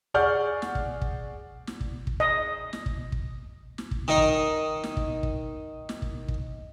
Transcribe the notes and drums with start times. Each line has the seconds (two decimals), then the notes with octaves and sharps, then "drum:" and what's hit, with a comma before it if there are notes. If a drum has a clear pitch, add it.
0.14 G#4 D5 F#5 C#6 F6 G6
0.62 drum: snare
0.75 drum: kick
1.01 drum: kick
1.67 drum: snare
1.81 drum: kick
2.07 drum: kick
2.20 D#5
2.73 drum: snare
2.86 drum: kick
3.12 drum: kick
3.78 drum: snare
3.91 drum: kick
4.08 D#3 D#4
4.18 drum: kick
4.84 drum: snare
4.97 drum: kick
5.23 drum: kick
5.89 drum: snare
6.02 drum: kick
6.28 drum: kick